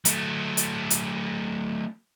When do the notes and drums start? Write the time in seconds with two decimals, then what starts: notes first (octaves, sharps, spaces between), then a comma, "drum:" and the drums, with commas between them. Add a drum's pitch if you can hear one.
0.05 F#3 A3, drum: hi-hat
0.57 drum: hi-hat
0.90 drum: hi-hat